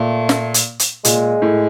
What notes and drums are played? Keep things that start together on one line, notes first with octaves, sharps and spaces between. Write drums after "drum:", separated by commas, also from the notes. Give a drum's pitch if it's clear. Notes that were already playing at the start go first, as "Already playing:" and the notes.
Already playing: A#2 A3
drum: snare
drum: hi-hat
drum: hi-hat
A#2 G#3, drum: hi-hat
A2